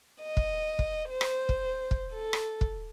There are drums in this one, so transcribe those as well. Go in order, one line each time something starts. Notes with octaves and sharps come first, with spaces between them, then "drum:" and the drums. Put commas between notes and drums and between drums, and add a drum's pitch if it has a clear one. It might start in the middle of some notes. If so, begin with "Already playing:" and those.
D#5
drum: kick
drum: kick
C5
drum: rim click
drum: kick
drum: kick
A4
drum: rim click
drum: kick